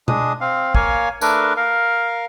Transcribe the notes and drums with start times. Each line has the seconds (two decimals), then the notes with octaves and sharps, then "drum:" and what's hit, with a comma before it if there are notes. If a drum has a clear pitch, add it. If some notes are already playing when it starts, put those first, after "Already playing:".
0.08 G#3 D4 D#6, drum: tom B2
0.41 C4 F5
0.75 A#3 C#5 F5 G#5, drum: kick
1.21 A3 D4 A#4 B4, drum: tambourine
1.57 A#4 F5